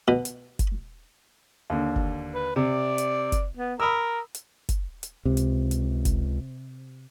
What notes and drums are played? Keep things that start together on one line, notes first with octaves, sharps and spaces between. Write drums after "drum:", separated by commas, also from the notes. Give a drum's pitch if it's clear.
B2
drum: hi-hat
drum: kick, hi-hat
D#2 D3
drum: kick
B4
C3 D5
drum: hi-hat
drum: kick, hi-hat
B3
A#4 B5 D#6 E6
drum: hi-hat
drum: kick, hi-hat
drum: hi-hat
C#2 C3
drum: hi-hat
drum: hi-hat
drum: kick, hi-hat